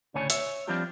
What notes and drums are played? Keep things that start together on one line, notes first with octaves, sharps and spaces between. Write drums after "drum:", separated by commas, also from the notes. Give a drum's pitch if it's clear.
D2 A2 C#3 D4 C#5 G#5
C#5 E5, drum: hi-hat
F3 G3 C4 D4 F4 G4